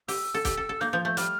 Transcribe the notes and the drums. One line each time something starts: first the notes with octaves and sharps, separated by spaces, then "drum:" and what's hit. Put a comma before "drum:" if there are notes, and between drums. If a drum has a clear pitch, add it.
G4 E6, drum: open hi-hat
A4
G4, drum: kick, hi-hat
A4
A4
A#3 G6, drum: snare
F3 G6
A3 G6
G3 F6, drum: hi-hat